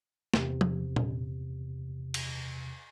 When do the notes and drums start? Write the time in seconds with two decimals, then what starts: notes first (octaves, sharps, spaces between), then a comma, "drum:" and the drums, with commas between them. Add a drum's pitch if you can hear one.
0.34 E2 C3, drum: snare
0.61 drum: tom F3
0.96 drum: tom A#2
2.14 drum: cymbal